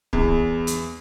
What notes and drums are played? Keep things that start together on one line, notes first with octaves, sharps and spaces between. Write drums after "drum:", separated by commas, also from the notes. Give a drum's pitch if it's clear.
E2, drum: kick
drum: hi-hat